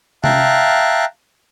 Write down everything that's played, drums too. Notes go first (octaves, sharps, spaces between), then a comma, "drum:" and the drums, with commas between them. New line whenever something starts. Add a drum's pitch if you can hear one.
E5 F5 G5 A5 A#5 F#6, drum: tom C3